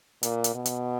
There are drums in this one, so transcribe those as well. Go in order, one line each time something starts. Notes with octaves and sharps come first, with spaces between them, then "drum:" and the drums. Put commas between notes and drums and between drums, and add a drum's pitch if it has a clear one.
A#2, drum: hi-hat
drum: hi-hat
B2
drum: hi-hat